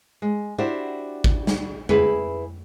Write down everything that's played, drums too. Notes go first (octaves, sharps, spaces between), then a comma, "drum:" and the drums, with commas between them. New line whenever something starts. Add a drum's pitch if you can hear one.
G#3
D4 E4 F#4 G4 C5
drum: kick
drum: snare
E4 G#4 B4, drum: tom F2